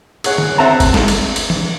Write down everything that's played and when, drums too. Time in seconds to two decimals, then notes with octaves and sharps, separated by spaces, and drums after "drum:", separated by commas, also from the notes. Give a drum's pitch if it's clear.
0.24 G#4 C#5 F#5, drum: cymbal
0.38 drum: tom D3
0.58 C4 E5 F#5 A5 A#5
0.80 drum: kick G1, cymbal
0.94 drum: snare
1.08 drum: cymbal
1.36 drum: cymbal
1.50 drum: tom E3